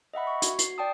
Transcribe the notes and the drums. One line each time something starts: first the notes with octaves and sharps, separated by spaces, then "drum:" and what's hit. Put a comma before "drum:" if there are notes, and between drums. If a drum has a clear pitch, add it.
D#5 E5 F#5 B5
C#6
F#4, drum: hi-hat
C7, drum: hi-hat
D5 G5 A5 D#6